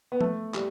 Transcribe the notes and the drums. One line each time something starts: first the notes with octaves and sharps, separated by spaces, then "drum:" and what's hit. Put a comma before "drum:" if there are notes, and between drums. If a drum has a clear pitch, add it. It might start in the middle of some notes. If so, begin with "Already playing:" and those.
B3
A3, drum: tom F3
G3, drum: clap